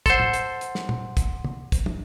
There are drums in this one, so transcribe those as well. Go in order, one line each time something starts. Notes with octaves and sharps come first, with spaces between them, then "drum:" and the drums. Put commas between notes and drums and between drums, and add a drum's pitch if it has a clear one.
A4 C5 F#5 C6, drum: kick, hi-hat
drum: tom
drum: hi-hat
drum: hi-hat
drum: snare
drum: tom
drum: kick, hi-hat
drum: tom
drum: kick, hi-hat
drum: tom